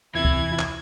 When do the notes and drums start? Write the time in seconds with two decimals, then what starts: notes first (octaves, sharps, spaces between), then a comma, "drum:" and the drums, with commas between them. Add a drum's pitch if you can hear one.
0.15 E2 C3 E3 E4 G#6
0.25 drum: kick C#2
0.59 drum: clap